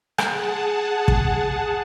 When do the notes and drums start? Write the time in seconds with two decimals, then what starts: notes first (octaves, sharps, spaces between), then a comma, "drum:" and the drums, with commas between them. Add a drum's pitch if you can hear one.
0.18 G#4 F#5 A5, drum: rim click
1.08 drum: kick